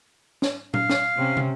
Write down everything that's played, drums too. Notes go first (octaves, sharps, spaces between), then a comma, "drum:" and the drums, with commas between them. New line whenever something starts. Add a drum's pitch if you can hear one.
drum: snare
F5, drum: tom A#2
drum: snare
C3 C#4
drum: tom